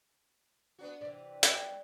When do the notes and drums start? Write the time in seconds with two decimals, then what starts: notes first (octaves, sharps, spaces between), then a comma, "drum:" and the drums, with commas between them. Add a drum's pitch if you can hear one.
0.79 B3 D4 F#4
1.01 C3 E3 D5
1.43 F#3 G3 B3, drum: hi-hat